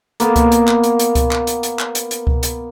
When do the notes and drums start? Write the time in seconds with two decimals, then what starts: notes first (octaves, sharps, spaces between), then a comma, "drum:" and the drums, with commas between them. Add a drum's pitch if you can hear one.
0.20 A#3 B3, drum: hi-hat
0.36 drum: kick C#2, hi-hat
0.52 drum: hi-hat
0.68 drum: clap
0.84 drum: hi-hat
0.99 drum: hi-hat
1.15 drum: kick C#2, hi-hat
1.31 drum: clap
1.47 drum: hi-hat
1.63 drum: hi-hat
1.79 drum: clap
1.95 drum: hi-hat
2.11 drum: hi-hat
2.27 drum: kick C#2
2.43 drum: hi-hat